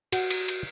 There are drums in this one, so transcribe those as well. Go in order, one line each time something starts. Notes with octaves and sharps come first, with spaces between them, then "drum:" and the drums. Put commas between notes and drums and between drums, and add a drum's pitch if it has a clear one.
F#4, drum: cymbal
drum: cymbal
drum: cymbal